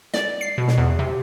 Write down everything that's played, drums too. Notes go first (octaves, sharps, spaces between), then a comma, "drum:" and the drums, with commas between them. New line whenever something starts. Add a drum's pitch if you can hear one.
D5, drum: snare
C7
B2
drum: snare
E2
C3